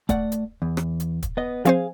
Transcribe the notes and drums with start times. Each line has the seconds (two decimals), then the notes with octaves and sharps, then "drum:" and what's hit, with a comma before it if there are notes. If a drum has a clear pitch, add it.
0.09 A3 D5 F#5, drum: kick, hi-hat
0.32 drum: hi-hat
0.62 E2
0.77 drum: rim click
1.00 drum: hi-hat
1.22 drum: kick, hi-hat
1.37 B3 D#5
1.65 F3 C4 G#4 C5 F5 G#5, drum: hi-hat